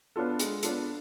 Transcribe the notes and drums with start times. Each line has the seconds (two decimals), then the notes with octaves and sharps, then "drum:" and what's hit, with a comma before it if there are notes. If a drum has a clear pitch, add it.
0.16 B3 D4 F4 A4
0.39 G#3, drum: hi-hat
0.63 B3 D4 F4 A4, drum: hi-hat